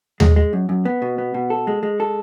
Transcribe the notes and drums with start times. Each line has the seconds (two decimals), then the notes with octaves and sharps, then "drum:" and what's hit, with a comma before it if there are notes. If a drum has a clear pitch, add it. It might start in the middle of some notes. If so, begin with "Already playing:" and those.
0.20 G#3, drum: tom D#2
0.36 G#3
0.53 F#2
0.69 F#2
0.85 B3
1.02 B2
1.18 B3
1.34 B2
1.50 A4
1.67 G#3
1.83 G#3
2.00 A4